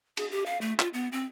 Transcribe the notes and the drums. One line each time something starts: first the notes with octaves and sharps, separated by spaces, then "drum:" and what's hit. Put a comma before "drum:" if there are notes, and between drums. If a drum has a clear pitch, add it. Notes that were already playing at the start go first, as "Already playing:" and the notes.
G#4, drum: cymbal
G4
F5
A3
F4, drum: clap
B3
C4